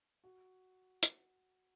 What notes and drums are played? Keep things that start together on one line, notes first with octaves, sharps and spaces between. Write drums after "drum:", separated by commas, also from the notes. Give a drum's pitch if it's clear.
F#4
drum: hi-hat